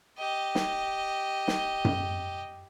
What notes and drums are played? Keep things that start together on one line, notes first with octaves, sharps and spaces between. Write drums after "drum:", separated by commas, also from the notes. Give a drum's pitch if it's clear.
G4 D#5
drum: snare
drum: snare
drum: tom F#2